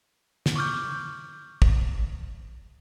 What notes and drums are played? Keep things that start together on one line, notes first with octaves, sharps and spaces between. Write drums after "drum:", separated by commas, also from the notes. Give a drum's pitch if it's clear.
drum: snare
C#6 D6 F6 G6
drum: kick